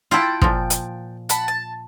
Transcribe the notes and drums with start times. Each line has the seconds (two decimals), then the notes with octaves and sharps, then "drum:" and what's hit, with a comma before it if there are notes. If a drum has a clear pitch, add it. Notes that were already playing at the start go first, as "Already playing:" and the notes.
0.11 E4 F4 F#5 G5 A5
0.42 A#2 F3, drum: kick
0.70 drum: hi-hat
1.29 F#5 A5 B5, drum: hi-hat
1.48 A5